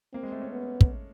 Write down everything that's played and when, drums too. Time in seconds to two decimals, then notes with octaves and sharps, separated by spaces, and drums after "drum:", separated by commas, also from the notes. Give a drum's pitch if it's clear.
0.13 A#3 C4
0.23 G#3
0.32 A3
0.42 C#4
0.51 B3
0.81 drum: kick